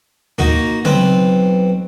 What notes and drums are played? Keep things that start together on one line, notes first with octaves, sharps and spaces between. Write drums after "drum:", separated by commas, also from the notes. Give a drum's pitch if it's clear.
A#3 D#4 F#4, drum: tom
B1 C4 B4, drum: tom C#3